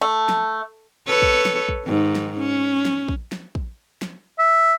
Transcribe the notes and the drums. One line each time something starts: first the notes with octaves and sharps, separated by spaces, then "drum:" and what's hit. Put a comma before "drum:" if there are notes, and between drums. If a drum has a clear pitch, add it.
A3
drum: snare
A4 B4 C#5
drum: kick
drum: snare
drum: kick
G#2 D#3
drum: snare
C#4
drum: snare
drum: kick
drum: snare
drum: kick
drum: snare
E5